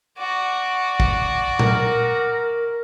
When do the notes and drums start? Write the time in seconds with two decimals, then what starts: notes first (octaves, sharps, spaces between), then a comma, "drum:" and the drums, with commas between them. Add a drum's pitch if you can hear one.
0.18 F#4 D5
1.00 drum: kick
1.59 A#4, drum: tom